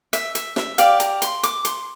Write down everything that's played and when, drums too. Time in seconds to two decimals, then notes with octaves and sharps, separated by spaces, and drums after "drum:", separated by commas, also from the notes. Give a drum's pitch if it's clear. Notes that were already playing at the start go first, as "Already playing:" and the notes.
0.13 E5, drum: hi-hat
0.35 E5, drum: hi-hat
0.56 E5, drum: snare
0.78 G4 D5 F5, drum: hi-hat
1.00 A#5, drum: hi-hat
1.22 C6, drum: hi-hat
1.43 D6, drum: hi-hat
1.65 C6, drum: hi-hat